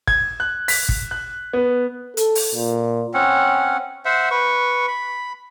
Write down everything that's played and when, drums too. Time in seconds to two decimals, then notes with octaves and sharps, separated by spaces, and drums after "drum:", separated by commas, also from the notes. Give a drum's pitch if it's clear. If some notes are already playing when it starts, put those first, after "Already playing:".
0.07 G#6, drum: kick
0.40 F#6
0.68 B6, drum: open hi-hat
0.89 drum: kick
1.11 F#6
1.53 B3
2.17 A4, drum: hi-hat
2.35 drum: open hi-hat
2.55 A#2
3.14 C4 C#4 F#5
4.05 C5 E5 F#5
4.31 B4 C#6
4.88 B5